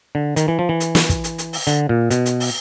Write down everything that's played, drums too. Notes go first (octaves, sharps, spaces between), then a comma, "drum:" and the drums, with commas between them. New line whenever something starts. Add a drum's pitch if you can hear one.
D3
D#3, drum: hi-hat
E3
F3
E3
drum: hi-hat
drum: snare
drum: kick, hi-hat
drum: hi-hat
drum: hi-hat
drum: open hi-hat
D3, drum: hi-hat
A#2
B2, drum: hi-hat
drum: hi-hat
drum: open hi-hat